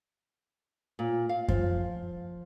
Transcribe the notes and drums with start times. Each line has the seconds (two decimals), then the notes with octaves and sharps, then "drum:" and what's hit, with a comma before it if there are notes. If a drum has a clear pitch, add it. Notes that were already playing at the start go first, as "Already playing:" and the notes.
0.99 A#2
1.29 F5
1.48 F3, drum: kick F#2